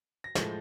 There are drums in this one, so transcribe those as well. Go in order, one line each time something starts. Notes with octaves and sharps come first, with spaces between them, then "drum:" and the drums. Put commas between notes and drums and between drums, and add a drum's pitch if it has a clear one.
A#6
A2 F3 G#3 G6 A6, drum: snare